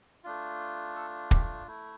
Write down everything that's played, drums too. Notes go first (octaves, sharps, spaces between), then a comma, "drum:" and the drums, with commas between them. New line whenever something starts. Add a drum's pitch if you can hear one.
A3 D4 F4
A4
G4, drum: kick
A3 E4